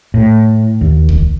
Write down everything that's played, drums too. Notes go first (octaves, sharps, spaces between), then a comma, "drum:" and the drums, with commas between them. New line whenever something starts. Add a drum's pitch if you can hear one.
A2
D#2
drum: kick